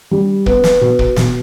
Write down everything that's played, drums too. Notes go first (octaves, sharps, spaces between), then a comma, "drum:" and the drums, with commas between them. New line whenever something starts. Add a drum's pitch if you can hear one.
G3
B3, drum: kick
drum: snare
B2
drum: kick
B2, drum: snare